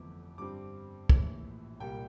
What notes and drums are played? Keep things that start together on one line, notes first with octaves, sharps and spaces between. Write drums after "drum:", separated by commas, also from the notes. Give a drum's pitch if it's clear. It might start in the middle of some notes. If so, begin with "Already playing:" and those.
Already playing: G1 F2 E3 A3 D6
G2 D3 G3 C4 D6
A#1 A2 E3, drum: kick
C2 A#2 G3 G5